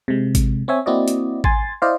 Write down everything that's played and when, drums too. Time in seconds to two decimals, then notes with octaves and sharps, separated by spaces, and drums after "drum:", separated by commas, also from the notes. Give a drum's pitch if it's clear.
0.08 C3 G#3
0.35 drum: kick A1, hi-hat
0.68 C4 C#5 E5 G#5
0.86 A#3 C4 E4 F#4 D5 D#5
1.08 drum: hi-hat
1.44 G#5 C6 A6, drum: kick A1
1.82 E4 C5 D5 D#5 F5